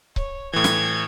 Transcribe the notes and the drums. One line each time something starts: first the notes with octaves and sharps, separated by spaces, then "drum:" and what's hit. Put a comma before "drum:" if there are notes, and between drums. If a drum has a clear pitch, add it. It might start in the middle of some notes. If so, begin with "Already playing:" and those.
C#5, drum: kick C#1
A2 E3 G#6
drum: snare